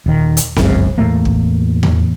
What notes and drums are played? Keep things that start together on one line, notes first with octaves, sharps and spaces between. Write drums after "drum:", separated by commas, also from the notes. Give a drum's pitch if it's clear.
D#1 D#3
drum: hi-hat
G1 C#2 F#2 C#3, drum: snare C4
E2 A2 A3 A#3
drum: kick
drum: tom E2